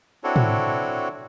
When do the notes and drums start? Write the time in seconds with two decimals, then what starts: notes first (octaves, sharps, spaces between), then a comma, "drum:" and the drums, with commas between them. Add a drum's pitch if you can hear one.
0.24 C4 D4 E4 F#4 A4 C#5
0.36 drum: tom